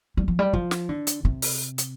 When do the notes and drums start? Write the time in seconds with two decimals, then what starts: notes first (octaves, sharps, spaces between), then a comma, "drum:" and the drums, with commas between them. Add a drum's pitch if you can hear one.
0.17 G3
0.28 F3
0.39 G3
0.53 F3, drum: kick
0.71 drum: snare
0.89 D3
1.07 drum: hi-hat
1.25 C3, drum: kick
1.42 drum: open hi-hat
1.78 drum: hi-hat